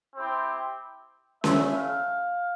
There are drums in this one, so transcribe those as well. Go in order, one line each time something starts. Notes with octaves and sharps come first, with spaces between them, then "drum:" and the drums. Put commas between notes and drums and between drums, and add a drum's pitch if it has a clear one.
C4 E4 G4
A3 C#4 E4 E5, drum: snare C#4
F5